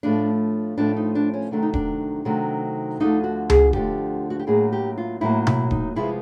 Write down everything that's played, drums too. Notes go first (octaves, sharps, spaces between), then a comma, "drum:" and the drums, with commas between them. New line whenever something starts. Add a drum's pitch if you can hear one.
A2 F3 A3 D4
A2 F3 A3 D4
D#4
D4
C#4
C3 D#3 F#3 A3 D4
D#4
D4, drum: kick D#1
C3 D#3 F#3 A3
D2 D3 F3 A3 D#4
F#4
G#4, drum: tom C#2
D2 D3 F3 A3 G4, drum: kick D#1
F#4
G4
A2 F#3 A#3 G#4
G4
F4
A2 F#3 A#3 E4
E4, drum: tom B2
D#4, drum: kick D#1
C3 F3 G#3 B3 E4